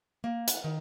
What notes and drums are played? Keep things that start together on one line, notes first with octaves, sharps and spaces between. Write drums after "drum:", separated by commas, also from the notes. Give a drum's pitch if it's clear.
A#3
F#5, drum: hi-hat
D#3